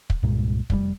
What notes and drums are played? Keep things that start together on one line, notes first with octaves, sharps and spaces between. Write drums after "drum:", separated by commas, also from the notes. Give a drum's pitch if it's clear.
drum: kick
C2 G2 A#2 G#3
F1 A2 G3, drum: kick